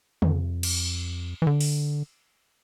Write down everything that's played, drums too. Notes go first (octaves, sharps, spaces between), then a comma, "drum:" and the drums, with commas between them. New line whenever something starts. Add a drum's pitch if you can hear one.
F2, drum: tom
drum: cymbal
E3
D3
drum: open hi-hat